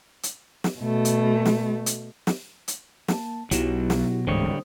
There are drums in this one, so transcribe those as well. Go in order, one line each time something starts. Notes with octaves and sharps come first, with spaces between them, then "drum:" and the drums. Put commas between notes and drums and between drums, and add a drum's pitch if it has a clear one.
drum: hi-hat
drum: snare
B2 A3
drum: hi-hat
drum: snare
drum: hi-hat
drum: snare
drum: hi-hat
A#3 A5, drum: snare
B1 B2 F#3 E4 G4, drum: hi-hat
drum: snare
D1 G#2 D3 E3 G3 C5 C#5 D#6